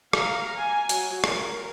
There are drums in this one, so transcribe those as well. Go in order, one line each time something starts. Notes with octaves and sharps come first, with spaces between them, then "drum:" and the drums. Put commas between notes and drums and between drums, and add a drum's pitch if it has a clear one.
F5 A#5, drum: rim click
G#5
F#3, drum: hi-hat
A#4, drum: rim click